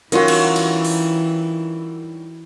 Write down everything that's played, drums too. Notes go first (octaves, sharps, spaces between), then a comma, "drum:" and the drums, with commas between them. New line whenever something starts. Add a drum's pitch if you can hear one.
E3 F#3 G3 C#4 D#4 F4 F#4 A#4, drum: hi-hat
drum: cymbal
drum: cymbal
drum: open hi-hat